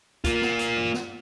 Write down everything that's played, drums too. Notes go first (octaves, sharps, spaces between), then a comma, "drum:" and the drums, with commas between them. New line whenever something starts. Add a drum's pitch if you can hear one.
A#3 F4, drum: kick, hi-hat
drum: snare
drum: hi-hat
drum: tom
drum: snare